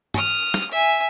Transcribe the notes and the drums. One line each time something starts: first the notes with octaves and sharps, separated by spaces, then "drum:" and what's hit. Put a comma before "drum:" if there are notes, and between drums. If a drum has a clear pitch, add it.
D#6 F6, drum: tom
drum: snare
E5 G#5